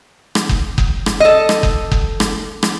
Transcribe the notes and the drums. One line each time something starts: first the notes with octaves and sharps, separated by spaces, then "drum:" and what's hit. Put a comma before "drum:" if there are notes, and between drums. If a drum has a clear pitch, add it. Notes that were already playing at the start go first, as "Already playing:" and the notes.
drum: rim click
drum: kick F#1
drum: kick F#1
drum: rim click
A4 D#5
drum: rim click
drum: kick F#1
drum: kick F#1
drum: rim click
drum: rim click